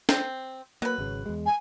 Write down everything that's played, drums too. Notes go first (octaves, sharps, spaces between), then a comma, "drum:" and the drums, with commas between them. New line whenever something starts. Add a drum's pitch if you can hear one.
C4, drum: snare
F#3 A#3 B4
G#1 C#3
E2 G#3
G#5